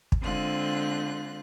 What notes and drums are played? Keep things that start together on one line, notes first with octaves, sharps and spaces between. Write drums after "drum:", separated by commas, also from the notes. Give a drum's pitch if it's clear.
drum: kick
D3 G#3 C4 F4 F#6